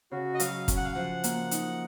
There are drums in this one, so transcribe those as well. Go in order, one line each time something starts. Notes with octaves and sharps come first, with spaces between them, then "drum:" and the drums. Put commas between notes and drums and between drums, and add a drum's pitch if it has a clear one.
C#3 F#4
D#5
F#3 F5, drum: hi-hat
C#4, drum: kick, hi-hat
F#5
F5
F3 F#5
A#3, drum: hi-hat
D#4, drum: hi-hat